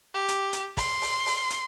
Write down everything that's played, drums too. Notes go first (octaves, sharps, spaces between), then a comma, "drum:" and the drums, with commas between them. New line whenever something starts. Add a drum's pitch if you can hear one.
G4
drum: hi-hat
drum: hi-hat
C6, drum: kick, open hi-hat
drum: open hi-hat
drum: open hi-hat
drum: hi-hat